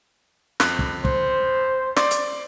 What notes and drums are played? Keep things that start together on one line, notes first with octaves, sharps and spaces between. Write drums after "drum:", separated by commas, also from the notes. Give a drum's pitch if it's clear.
F2 F#6, drum: snare
drum: kick
C5, drum: kick
D5 C6 D6, drum: snare
drum: hi-hat